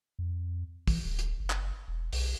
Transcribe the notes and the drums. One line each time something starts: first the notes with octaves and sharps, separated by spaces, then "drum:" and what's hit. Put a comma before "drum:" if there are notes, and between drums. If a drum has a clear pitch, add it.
F2
E3, drum: kick, open hi-hat
D1
drum: hi-hat
F#1
drum: clap
E1
B1, drum: open hi-hat